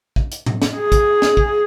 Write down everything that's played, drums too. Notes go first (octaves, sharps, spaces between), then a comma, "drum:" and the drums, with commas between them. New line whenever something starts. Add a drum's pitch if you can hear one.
drum: kick
drum: hi-hat
drum: tom A2
drum: snare
G#4
drum: kick, hi-hat
drum: snare
drum: kick